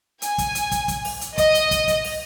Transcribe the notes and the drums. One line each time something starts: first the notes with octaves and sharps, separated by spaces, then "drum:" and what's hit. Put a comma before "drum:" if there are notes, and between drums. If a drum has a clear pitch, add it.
G#5, drum: hi-hat
drum: kick, hi-hat
drum: hi-hat
drum: kick, hi-hat
drum: kick, hi-hat
drum: open hi-hat
drum: hi-hat
D#5, drum: kick, hi-hat
drum: hi-hat
drum: kick, hi-hat
drum: kick, hi-hat
drum: open hi-hat